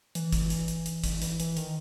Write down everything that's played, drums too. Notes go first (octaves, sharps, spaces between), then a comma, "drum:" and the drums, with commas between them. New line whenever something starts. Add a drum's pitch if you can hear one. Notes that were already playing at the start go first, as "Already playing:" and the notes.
E3, drum: hi-hat
drum: kick G#1, hi-hat
drum: hi-hat
drum: hi-hat
drum: hi-hat
drum: kick G#1, hi-hat
E3, drum: hi-hat
E3, drum: hi-hat
D#3, drum: hi-hat